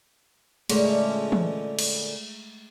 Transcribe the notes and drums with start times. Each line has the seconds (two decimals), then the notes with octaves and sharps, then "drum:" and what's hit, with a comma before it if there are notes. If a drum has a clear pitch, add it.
0.69 A#2 D3 G#3 A3 C#4, drum: cymbal
1.32 drum: tom E3
1.79 drum: cymbal